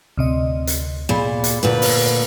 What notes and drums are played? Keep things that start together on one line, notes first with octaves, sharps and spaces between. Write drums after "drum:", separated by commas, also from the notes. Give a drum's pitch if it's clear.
D2 C3 D#5
drum: hi-hat
A#2 G#4 B5
drum: hi-hat
D2 A#2 B4
drum: open hi-hat